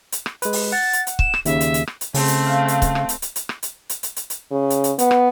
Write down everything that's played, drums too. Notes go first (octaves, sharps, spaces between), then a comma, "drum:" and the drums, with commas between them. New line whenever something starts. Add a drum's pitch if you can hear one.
drum: hi-hat
drum: rim click
G#3 B4, drum: hi-hat
drum: open hi-hat
F#5 A6
drum: hi-hat
drum: hi-hat
E7, drum: kick C#1
drum: rim click
D#2 C#3 E5, drum: hi-hat
drum: hi-hat
drum: hi-hat
drum: rim click
drum: hi-hat
C#3 A3 C4, drum: open hi-hat
drum: hi-hat
F5
drum: hi-hat
drum: kick C#1, hi-hat
drum: rim click
drum: hi-hat
drum: hi-hat
drum: hi-hat
drum: rim click
drum: hi-hat
drum: hi-hat
drum: hi-hat
drum: hi-hat
drum: hi-hat
C#3
drum: hi-hat
drum: hi-hat
B3, drum: hi-hat
drum: rim click